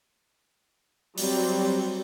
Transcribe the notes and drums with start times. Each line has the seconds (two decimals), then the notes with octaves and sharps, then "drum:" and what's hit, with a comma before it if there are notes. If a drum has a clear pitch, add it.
1.18 F#3 G3 C4, drum: open hi-hat